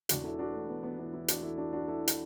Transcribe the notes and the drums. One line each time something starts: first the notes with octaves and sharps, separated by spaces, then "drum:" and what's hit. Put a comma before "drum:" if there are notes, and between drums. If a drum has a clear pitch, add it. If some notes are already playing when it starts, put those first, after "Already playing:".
E1 E2 E3 D4 F#4, drum: hi-hat
E4 A4
D4 F#4
A3
B3
B3
B3 E4
B3 E4
D4 F#4, drum: hi-hat
E4 A4
D4 F#4
D4 F#4
E4 A4
drum: hi-hat